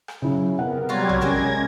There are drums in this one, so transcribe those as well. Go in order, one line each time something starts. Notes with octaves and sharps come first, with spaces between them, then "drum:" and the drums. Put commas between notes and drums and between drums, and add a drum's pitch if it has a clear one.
drum: rim click
C#3 F#3 E4
C3 B3 A#4 F#5
F#3 G3 F4 F#4 F5 G#6
drum: tom A#1
C3 G3 G#3 C#4 G#4 A#4 G#6 A#6